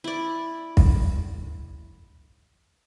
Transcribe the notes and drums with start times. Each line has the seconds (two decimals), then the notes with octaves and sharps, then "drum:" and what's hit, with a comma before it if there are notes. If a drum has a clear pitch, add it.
0.04 E4 D5
0.77 drum: kick